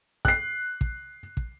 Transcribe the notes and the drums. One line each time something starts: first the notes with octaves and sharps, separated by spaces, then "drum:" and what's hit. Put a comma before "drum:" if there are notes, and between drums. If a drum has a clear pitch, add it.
F#6 C7, drum: kick
drum: kick
drum: kick